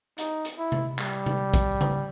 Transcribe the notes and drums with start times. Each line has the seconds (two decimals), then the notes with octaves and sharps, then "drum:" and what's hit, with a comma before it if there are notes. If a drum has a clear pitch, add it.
0.18 D#4, drum: hi-hat
0.45 drum: hi-hat
0.58 E4
0.72 drum: tom
0.99 G3, drum: clap
1.26 drum: tom
1.54 drum: kick, hi-hat
1.81 drum: tom C#3